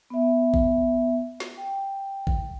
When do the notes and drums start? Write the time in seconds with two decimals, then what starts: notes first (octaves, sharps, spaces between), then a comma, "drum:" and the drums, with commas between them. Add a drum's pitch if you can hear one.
0.10 B3 E5
0.54 drum: kick A1
1.40 drum: snare
1.57 G5
2.27 drum: kick A1